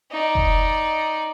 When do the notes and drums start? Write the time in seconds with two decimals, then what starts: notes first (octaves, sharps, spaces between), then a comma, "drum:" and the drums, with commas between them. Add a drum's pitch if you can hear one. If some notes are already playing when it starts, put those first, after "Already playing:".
0.12 D#4 D5
0.35 drum: kick F1